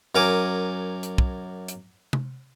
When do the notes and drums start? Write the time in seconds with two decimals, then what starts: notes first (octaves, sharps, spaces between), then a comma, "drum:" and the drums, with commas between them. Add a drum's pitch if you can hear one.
0.15 F#2 A#4 G#5 D6
1.03 drum: hi-hat
1.18 drum: kick
1.68 drum: hi-hat
2.13 drum: tom C3